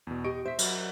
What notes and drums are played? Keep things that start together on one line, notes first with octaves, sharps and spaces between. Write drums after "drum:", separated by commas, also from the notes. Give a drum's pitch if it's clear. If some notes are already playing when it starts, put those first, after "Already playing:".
E2 B2
G4 D#5 C#6 D7
C5 E5 B6
F#3, drum: cymbal